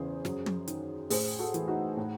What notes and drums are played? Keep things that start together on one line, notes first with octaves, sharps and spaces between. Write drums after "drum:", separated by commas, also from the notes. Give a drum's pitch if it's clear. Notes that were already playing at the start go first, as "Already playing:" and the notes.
Already playing: E2 C#3 E3 G#4 C5
F#2, drum: snare
drum: tom
D#3, drum: hi-hat
A2 G#4 C5, drum: open hi-hat
F#4 A4
E3, drum: hi-hat
D#4 F#4
A2